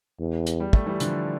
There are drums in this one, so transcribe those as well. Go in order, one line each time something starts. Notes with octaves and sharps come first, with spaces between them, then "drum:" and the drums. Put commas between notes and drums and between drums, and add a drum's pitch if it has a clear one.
E2
drum: hi-hat
G3
A3, drum: kick
E3 G3
D3 F3, drum: hi-hat